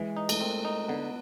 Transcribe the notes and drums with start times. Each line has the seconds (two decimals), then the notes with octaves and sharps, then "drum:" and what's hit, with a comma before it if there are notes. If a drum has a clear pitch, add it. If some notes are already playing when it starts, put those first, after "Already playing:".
Already playing: E3 G#3
0.17 D#4
0.29 A3, drum: cymbal
0.40 A#3 C4
0.65 D#4
0.88 D3 B3